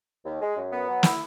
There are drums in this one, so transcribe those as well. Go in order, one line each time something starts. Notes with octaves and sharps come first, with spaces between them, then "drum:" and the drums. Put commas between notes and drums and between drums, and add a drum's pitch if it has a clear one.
D#2
G#3
F#2
B3
F#3
E4, drum: snare